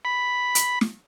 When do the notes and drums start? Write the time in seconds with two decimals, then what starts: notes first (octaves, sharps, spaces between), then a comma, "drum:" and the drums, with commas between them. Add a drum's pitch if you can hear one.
0.05 B5
0.55 drum: hi-hat
0.81 drum: snare